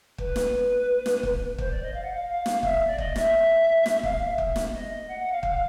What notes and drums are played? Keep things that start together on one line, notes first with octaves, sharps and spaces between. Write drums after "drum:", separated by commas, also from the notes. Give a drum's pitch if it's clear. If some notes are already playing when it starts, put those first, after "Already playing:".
B4, drum: kick
drum: snare
drum: snare
drum: kick
C5, drum: kick
D5
D#5
F5
F#5
F5
F5
drum: snare
E5, drum: kick
D5
D#5, drum: kick
E5, drum: snare
drum: snare
F5, drum: kick
E5
drum: kick
drum: snare
D#5
F#5
F#5
F5
F5, drum: kick